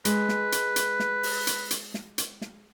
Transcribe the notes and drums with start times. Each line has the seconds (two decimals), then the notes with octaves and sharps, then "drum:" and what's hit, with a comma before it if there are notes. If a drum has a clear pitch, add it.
0.05 G#3 B4, drum: hi-hat
0.29 drum: snare
0.52 drum: hi-hat
0.76 drum: hi-hat
1.00 drum: snare
1.23 drum: open hi-hat
1.47 drum: hi-hat
1.71 drum: hi-hat
1.94 drum: snare
2.18 drum: hi-hat
2.41 drum: snare